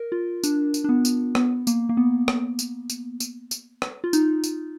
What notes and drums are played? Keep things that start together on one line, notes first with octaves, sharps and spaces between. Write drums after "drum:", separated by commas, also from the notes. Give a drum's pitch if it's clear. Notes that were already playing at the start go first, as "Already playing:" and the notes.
Already playing: A#4
F4
D4, drum: tambourine
drum: tambourine
D4
B3
drum: tambourine
B3, drum: rim click
A#3, drum: tambourine
A#3
B3
drum: rim click
drum: tambourine
drum: tambourine
drum: tambourine
drum: tambourine
drum: rim click
F4
D#4, drum: tambourine
drum: tambourine